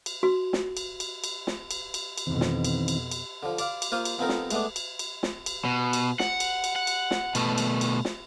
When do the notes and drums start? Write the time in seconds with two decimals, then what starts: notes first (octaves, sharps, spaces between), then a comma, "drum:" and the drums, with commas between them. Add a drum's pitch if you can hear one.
0.06 drum: cymbal
0.23 F#4
0.53 drum: snare
0.77 drum: cymbal
1.00 drum: cymbal
1.24 drum: cymbal
1.47 drum: snare
1.71 drum: cymbal
1.94 drum: cymbal
2.18 drum: cymbal
2.27 F2 B2 D#3 E3 C4
2.41 drum: snare
2.64 drum: cymbal
2.88 drum: cymbal
3.11 drum: cymbal
3.43 D3 F3
3.58 D5 F5, drum: cymbal
3.82 drum: cymbal
3.92 A#3 F4 C5 F5 C6 D#6
4.05 drum: cymbal
4.19 F3 B3 C4 D#4 A4 A#4
4.29 drum: snare
4.50 G#3 A3 B3 D4, drum: cymbal
4.76 drum: cymbal
4.99 drum: cymbal
5.23 drum: snare
5.46 drum: cymbal
5.65 B2
5.93 drum: cymbal
6.20 F#5, drum: snare
6.40 drum: cymbal
6.64 drum: cymbal
6.76 F#5
6.87 drum: cymbal
7.11 drum: snare
7.35 B2 A3, drum: cymbal
7.58 drum: cymbal
7.81 drum: cymbal
8.05 drum: snare